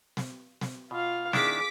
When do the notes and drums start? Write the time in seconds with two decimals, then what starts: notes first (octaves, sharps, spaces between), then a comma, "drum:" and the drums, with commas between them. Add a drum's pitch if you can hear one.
0.17 drum: snare
0.61 drum: snare
0.91 B2 F4 F5
1.33 D#3 D4 E4 G#4 D6 B6, drum: snare